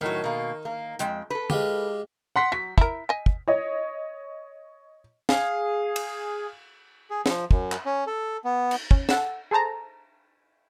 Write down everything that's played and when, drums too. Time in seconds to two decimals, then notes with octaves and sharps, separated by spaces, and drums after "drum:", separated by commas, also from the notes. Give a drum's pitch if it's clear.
0.01 A2 D#3 F#3
0.24 B2 A#3
0.65 A#3
0.99 F2 G#3 G5, drum: hi-hat
1.30 A4 B4
1.50 G#3 F4 G4, drum: tom
2.36 F#5 C6 B6
2.52 F#3 B6
2.78 E4 A#4, drum: kick
3.09 D#5 G#5
3.26 drum: kick
3.48 C#5 D#5
5.29 G#4 F5, drum: snare
5.96 drum: cymbal
7.10 G#4
7.26 F3, drum: snare
7.51 F#2, drum: kick
7.72 drum: clap
7.86 C#4
8.07 A4
8.44 B3
8.71 drum: cymbal
8.91 C#4, drum: kick
9.09 A4 F#5 E6, drum: snare
9.51 G#4 A4 C5 A5 A#5